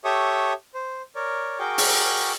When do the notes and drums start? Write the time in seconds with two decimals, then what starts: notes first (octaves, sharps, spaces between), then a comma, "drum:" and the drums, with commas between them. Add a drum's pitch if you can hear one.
0.04 G4 A4 C#5 E5 C#6 D#6
0.74 C5
1.15 A#4 C#5 D5
1.59 F#4 G#4 A#4 G5 C#6 D6
1.78 drum: open hi-hat